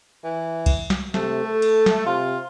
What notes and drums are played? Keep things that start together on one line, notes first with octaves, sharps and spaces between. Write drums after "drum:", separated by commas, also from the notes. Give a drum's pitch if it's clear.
E3
drum: kick C2, cymbal
drum: snare
C3 A3, drum: snare
A4
drum: cymbal
drum: snare
C3 F4